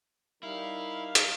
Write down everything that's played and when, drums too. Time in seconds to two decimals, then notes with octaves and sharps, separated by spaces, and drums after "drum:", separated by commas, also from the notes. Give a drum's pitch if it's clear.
0.43 G3 D#4 E4 A#4 F5
1.15 drum: hi-hat